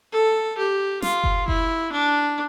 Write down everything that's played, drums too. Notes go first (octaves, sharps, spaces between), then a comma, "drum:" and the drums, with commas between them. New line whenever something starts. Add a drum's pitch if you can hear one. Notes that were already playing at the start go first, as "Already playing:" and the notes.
A4
G4
F4, drum: snare
drum: kick F#1
E4, drum: kick F#1
D4